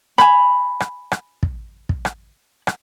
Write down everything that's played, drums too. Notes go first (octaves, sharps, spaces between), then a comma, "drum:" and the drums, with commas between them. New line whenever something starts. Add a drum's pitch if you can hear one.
G#5 B5, drum: rim click
drum: rim click
drum: rim click
drum: kick
drum: kick
drum: rim click
drum: rim click